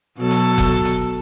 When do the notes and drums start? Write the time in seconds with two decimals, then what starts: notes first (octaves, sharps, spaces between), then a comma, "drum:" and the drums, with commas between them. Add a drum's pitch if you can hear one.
0.17 B2 F#3 A4
0.31 drum: hi-hat
0.58 drum: kick F#1, hi-hat
0.85 drum: hi-hat